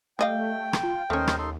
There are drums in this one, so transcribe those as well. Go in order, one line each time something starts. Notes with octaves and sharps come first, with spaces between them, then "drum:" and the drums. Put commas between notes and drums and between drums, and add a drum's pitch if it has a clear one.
G3 A3 D#5 F5 G5
drum: rim click
F4
D#2 A3 C#4 A#4 C5 D#5
drum: rim click
D#4 A4 C6